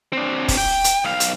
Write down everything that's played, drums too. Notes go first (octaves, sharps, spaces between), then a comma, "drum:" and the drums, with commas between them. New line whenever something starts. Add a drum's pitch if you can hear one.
C4 D4
drum: kick, open hi-hat
G5
drum: hi-hat
B1 F5
drum: hi-hat